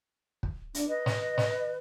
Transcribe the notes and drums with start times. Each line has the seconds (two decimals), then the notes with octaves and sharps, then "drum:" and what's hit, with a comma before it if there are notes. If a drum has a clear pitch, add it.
0.43 drum: kick
0.75 D4, drum: hi-hat
0.88 B4 D#5
1.06 drum: snare
1.38 drum: snare